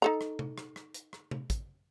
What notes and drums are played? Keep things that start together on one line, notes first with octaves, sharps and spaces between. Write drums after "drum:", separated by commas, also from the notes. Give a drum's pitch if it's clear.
D#4 A4 A#5
drum: rim click
drum: tom C3
drum: rim click
drum: rim click
drum: hi-hat
drum: rim click
drum: tom C3
drum: kick, hi-hat